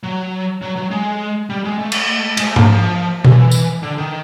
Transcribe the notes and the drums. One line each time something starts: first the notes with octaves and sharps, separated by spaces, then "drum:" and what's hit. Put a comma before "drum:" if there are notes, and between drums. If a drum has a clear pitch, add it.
F#3
F#3
F#3
G#3
G3
G#3
A3
drum: cymbal
G#3, drum: cymbal
A3
A#3, drum: tom G#2
F3
E3, drum: tom B2
drum: tambourine
D3
D#3